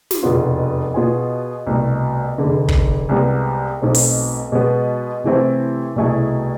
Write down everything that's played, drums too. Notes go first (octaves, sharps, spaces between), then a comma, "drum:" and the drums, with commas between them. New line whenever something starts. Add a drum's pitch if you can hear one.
drum: snare
F1 E2 B2 B3 F4
B2 B3 F4 G#4
C2 B2 A3
F1 E2 D3
drum: kick
C2 C3 G#3 B3
B1 B2 A3 C4
drum: open hi-hat
B2 G#3 B3
C3 E3 A3 C4 E4
C2 B2 A3 E4 G#4